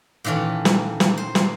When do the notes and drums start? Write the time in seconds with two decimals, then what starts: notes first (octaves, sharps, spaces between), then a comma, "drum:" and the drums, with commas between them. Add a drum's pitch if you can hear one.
0.24 A#2 D#3 E3 C#4 A4
0.65 drum: snare
1.00 drum: snare
1.18 C5
1.35 drum: snare